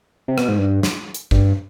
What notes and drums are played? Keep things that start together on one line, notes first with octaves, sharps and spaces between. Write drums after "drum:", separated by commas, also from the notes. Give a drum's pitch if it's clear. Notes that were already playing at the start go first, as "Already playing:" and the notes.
C3
B2, drum: rim click
G#2
G2
drum: snare
drum: hi-hat
G2, drum: kick